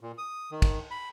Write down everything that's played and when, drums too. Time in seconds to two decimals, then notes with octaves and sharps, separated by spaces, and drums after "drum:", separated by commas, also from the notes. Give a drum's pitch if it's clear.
0.01 A#2
0.18 D#6
0.52 D#3
0.62 drum: kick, cymbal
0.91 B5